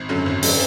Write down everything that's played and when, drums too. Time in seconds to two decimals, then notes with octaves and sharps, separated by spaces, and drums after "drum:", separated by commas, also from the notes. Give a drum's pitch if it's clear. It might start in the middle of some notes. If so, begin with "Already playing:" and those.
Already playing: G#1
0.09 F#2 D3 F#3 C#4
0.26 G#1
0.43 D3 F#3 C#4, drum: open hi-hat